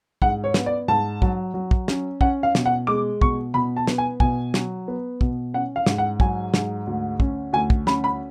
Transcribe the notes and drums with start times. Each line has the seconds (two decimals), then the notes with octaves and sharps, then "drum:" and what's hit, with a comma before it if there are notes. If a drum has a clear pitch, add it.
0.22 G#2 F#5, drum: kick
0.44 C#5
0.54 B3, drum: snare
0.66 D5
0.88 G#2 A5
1.22 F#3, drum: kick
1.54 F#3
1.71 drum: kick
1.88 C#4, drum: snare
2.21 C#4 F#5, drum: kick
2.43 F5
2.55 B2, drum: snare
2.66 F#5
2.87 G#3 D6
3.21 B2 C#6, drum: kick
3.54 B2 B5
3.76 A5
3.87 B3, drum: snare
3.98 G#5
4.20 B2 G#5, drum: kick
4.54 F#3, drum: snare
4.88 B3
5.21 B2, drum: kick
5.54 C#4 F#5
5.76 F5
5.86 G#2, drum: snare
5.98 F#5
6.20 F#3 G#5, drum: kick
6.54 G#2, drum: snare
6.87 D2
7.20 C#4, drum: kick
7.53 D2 G#5
7.70 drum: kick
7.87 C#4 B5, drum: snare
8.04 B5